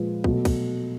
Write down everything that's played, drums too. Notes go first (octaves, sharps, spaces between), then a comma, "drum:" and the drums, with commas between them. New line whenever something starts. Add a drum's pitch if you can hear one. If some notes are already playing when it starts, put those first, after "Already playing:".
Already playing: A#2 F3 G#3 B4
B2 F#3 A3, drum: kick
drum: kick, cymbal